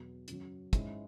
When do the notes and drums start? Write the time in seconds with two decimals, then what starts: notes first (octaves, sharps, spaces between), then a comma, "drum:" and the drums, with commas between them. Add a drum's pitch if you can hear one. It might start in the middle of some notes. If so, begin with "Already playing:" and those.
Already playing: E2 B2 F#3
0.28 F#2 C#3 F#3, drum: hi-hat
0.73 G#2 G#3 C#4 E4, drum: kick, hi-hat